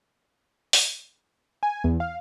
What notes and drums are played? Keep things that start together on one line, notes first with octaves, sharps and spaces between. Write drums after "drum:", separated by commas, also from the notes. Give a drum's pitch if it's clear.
drum: open hi-hat
G#5
E2
F5